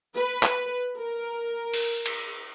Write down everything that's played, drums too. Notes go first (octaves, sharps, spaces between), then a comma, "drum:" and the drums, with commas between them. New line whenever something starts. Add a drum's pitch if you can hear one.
B4
drum: clap
A#4
drum: open hi-hat
drum: cymbal